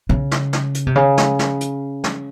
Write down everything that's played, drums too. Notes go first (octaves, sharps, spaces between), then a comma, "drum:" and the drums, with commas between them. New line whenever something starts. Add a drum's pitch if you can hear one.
C#3
drum: snare
drum: snare
drum: hi-hat
C3
C#3
drum: snare
drum: snare
drum: hi-hat
drum: snare